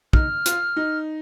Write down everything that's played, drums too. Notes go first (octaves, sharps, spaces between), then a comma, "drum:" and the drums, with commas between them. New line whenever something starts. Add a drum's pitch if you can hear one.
D#4 F6, drum: kick
F4, drum: hi-hat
D#4